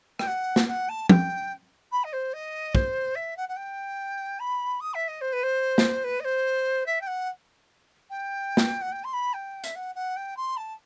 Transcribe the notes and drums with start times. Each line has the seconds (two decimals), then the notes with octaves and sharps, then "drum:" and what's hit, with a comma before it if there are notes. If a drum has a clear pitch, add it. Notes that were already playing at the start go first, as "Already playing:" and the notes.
0.19 G5, drum: rim click
0.27 F#5
0.56 drum: snare
0.68 F#5
0.89 A5
1.09 G5, drum: tom
1.92 B5
2.04 D#5
2.13 C5
2.34 D#5
2.75 C5, drum: kick
3.15 E5
3.37 F#5
3.49 F#5
3.56 G5
4.40 B5
4.81 D#6
4.94 E5
5.08 D#5
5.21 C5
5.33 B4
5.43 C5
5.78 drum: snare
6.04 B4
6.20 D#5
6.25 C5
6.86 E5
7.01 G5
7.07 F#5
8.10 G5
8.57 drum: snare
8.82 F#5
8.92 G5
9.04 C6
9.13 B5
9.34 G5
9.64 E5, drum: hi-hat
9.76 F#5
9.95 F#5
10.17 G5
10.37 C6
10.57 A5